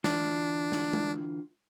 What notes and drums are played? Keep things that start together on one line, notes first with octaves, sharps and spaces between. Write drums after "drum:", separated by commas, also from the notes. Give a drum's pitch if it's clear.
D3 E3 D4 F4, drum: snare
drum: snare
drum: tom G#3